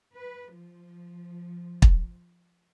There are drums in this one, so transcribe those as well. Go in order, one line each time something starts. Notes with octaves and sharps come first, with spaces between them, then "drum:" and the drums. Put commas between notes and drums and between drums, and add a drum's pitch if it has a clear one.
B4
F3
drum: kick